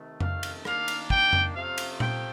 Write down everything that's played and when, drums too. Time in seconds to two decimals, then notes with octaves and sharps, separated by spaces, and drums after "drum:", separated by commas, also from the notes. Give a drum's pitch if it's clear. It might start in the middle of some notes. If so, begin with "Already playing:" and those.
Already playing: C3 D#3 A3
0.20 F5, drum: tom F2
0.43 drum: cymbal
0.65 D#3 A#3 D4 F5, drum: rim click
0.88 drum: cymbal
1.10 G5, drum: kick
1.33 drum: tom F2
1.55 C3 F3 A3 F5
1.78 drum: cymbal
2.00 G5, drum: tom A#2